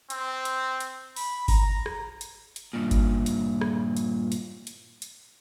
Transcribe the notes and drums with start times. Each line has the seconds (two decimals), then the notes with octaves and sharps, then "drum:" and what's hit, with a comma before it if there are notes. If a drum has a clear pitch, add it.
0.10 C4, drum: hi-hat
0.45 drum: hi-hat
0.80 drum: hi-hat
1.16 B5, drum: open hi-hat
1.48 A#5, drum: kick G1, open hi-hat
1.86 drum: rim click
2.21 drum: hi-hat
2.56 drum: hi-hat
2.73 G2 A#2
2.91 drum: kick G1, hi-hat
3.26 drum: hi-hat
3.61 drum: rim click
3.97 drum: hi-hat
4.32 drum: hi-hat
4.67 drum: hi-hat
5.02 drum: hi-hat